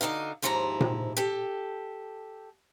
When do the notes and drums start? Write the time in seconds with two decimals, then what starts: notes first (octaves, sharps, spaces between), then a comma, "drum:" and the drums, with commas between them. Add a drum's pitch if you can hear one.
0.01 D2 D3 D#4 F5
0.42 D#2 G#2 F3 E4 F4 A#5
0.80 drum: tom A#2
1.17 G4 A4